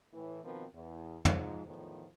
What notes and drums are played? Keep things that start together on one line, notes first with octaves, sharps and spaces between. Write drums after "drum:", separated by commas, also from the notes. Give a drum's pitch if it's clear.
A2 E3
B2 D#3 F3 C4 A#4 B4
E2
G#2 F3, drum: tom
E2 A2 D#3 F3